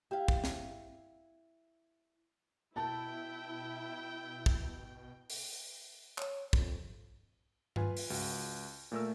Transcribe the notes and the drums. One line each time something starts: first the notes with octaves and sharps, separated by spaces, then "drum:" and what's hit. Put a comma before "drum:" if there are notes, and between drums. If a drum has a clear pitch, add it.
E4 G4 F5
drum: kick
drum: snare
B2 E4 G5 A5
drum: kick
drum: open hi-hat
C#5, drum: clap
F2, drum: kick
F4 B4 G#5, drum: tom G2
drum: open hi-hat
C#2 F#4, drum: open hi-hat
A#2 A3 A#4 E6